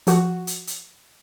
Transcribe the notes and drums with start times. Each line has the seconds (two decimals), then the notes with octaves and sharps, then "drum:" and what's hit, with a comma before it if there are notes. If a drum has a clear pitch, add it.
0.07 F3 F#4, drum: hi-hat
0.47 drum: hi-hat
0.67 drum: hi-hat